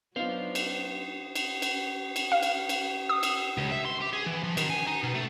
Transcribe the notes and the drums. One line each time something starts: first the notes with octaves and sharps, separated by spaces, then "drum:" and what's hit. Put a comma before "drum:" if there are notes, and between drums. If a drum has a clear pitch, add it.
F#3 B3 D4 D#4 F4 C5 F5
drum: cymbal
drum: cymbal
drum: cymbal
drum: cymbal
F5
drum: cymbal
drum: cymbal
D#6
drum: cymbal
C#2
E5
C6
G4
G#4
E3
F3
D#3, drum: cymbal
G#5
D#4
B2
A3